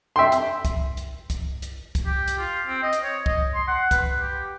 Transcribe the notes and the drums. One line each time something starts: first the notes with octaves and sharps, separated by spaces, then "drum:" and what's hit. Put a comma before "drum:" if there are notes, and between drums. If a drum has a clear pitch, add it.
E5 G5 C6
drum: hi-hat
drum: kick, hi-hat
drum: hi-hat
drum: kick, hi-hat
drum: hi-hat
drum: kick, hi-hat
G4
drum: hi-hat
F4
C4
D#5
drum: hi-hat
C#5
D#5, drum: kick
C6
F#5
B4, drum: kick, hi-hat
G4